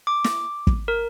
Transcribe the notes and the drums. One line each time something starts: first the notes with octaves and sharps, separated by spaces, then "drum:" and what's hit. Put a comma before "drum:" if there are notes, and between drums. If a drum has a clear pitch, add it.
D6
drum: snare
drum: kick
A#4